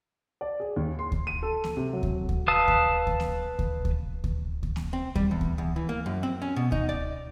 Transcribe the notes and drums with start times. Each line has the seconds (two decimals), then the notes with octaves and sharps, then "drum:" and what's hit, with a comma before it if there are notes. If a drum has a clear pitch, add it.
0.41 D5
0.60 G#4
0.76 D#2
0.99 C6
1.12 drum: kick D2
1.27 D#7
1.43 A4
1.64 drum: snare A#3
1.77 C3
1.93 F#3
2.03 drum: kick D2
2.29 drum: kick D2
2.48 B4 F5 A5 D#6 E6
2.68 drum: kick D2
3.07 drum: kick D2
3.20 drum: snare A#3
3.59 drum: kick D2
3.85 drum: kick D2
4.24 drum: kick D2
4.63 drum: kick D2
4.76 drum: snare A#3
4.93 C4
5.16 G3, drum: kick D2
5.31 E2
5.41 drum: kick D2
5.58 E2
5.76 E3
5.89 A#3
6.06 F#2
6.23 C4
6.42 C#4
6.56 B2
6.72 D#4, drum: kick D2
6.89 D5